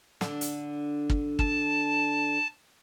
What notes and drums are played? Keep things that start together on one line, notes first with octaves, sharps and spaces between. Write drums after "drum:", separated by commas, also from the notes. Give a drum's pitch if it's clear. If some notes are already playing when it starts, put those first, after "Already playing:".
D3 D4, drum: snare
drum: hi-hat
drum: kick
A5, drum: kick